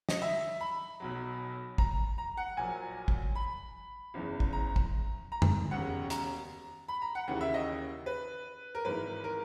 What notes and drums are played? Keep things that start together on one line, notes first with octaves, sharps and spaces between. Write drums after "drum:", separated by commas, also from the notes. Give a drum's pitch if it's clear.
D#5, drum: snare
E5
B5
B1 B2 F#3
A#5, drum: kick
A#5
F#5
A#1 A#2 F#3 G#5
drum: kick
B5
F#1 E2 C#3 E3
drum: kick
A#5
drum: kick
A#5
drum: tom F2
E1 D#2 C#3 F#5
A#5, drum: hi-hat
B5
A#5
F#5
D#2 C#3 E3 F#5
E5
D#5
B4
A#4
G#1 G#2 E3 B4
A#4